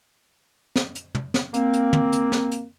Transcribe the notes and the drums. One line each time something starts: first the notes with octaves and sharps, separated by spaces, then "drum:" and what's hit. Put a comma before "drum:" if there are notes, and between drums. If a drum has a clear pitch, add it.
drum: snare
drum: hi-hat
drum: tom
drum: snare
A#3 C4, drum: hi-hat
drum: hi-hat
drum: tom
drum: hi-hat
drum: snare
drum: hi-hat